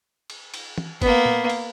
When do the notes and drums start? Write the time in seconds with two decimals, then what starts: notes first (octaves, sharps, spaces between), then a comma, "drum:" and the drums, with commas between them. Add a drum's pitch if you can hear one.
0.30 drum: cymbal
0.54 drum: cymbal
0.78 drum: tom E3
1.02 A#3 B3, drum: kick, cymbal
1.26 drum: tom A#2
1.50 drum: cymbal